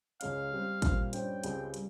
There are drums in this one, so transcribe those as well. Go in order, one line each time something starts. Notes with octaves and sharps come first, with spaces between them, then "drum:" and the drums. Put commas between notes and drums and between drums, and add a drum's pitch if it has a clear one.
C#2 C#3 G#3 C#4 F5, drum: hi-hat
G3 C4 G4
A#2 G3 C4 G4, drum: kick, hi-hat
G2 G3 C#4 G4 C5 G5, drum: hi-hat
C#2 C#3 G#3 C4 G4, drum: hi-hat
G3, drum: hi-hat